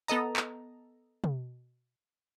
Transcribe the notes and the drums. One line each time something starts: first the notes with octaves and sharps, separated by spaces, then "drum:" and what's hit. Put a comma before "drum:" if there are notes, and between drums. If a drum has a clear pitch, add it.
B3 A4 D#5 A#5, drum: tambourine
drum: clap
drum: tom